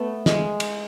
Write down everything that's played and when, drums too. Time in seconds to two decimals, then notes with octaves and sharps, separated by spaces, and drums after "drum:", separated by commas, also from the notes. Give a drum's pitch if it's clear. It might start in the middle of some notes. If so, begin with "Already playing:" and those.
Already playing: A3 B3
0.26 G#3, drum: snare
0.60 drum: cymbal